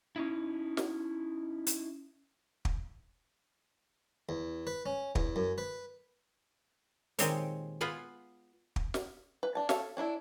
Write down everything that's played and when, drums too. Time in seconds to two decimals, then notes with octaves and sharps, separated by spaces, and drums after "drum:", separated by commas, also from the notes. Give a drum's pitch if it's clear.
0.16 C#4 D#4 E4
0.77 drum: snare
1.67 drum: hi-hat
2.65 drum: kick
4.29 E2
4.67 B4
4.86 C#4
5.15 E2, drum: kick
5.36 F#2
5.58 B4
7.19 A#2 D#3 G#3 C4 G4 C#5, drum: hi-hat
7.81 B3 F4 B4 F#5 G#5
8.76 drum: kick
8.94 drum: snare
9.43 B4
9.55 D4 A5
9.69 A4 C#5 E5 F5, drum: snare
9.97 C#4 D4 E4 E5